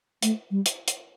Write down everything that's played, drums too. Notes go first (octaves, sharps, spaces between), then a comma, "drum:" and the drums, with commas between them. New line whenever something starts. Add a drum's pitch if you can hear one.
A3, drum: hi-hat
G3
drum: hi-hat
drum: hi-hat